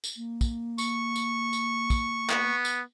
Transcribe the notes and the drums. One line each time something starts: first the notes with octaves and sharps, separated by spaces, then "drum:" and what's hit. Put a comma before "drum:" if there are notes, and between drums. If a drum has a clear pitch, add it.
drum: tambourine
A#3
drum: kick, tambourine
C#6, drum: tambourine
drum: tambourine
drum: tambourine
drum: kick, tambourine
B3, drum: clap
drum: tambourine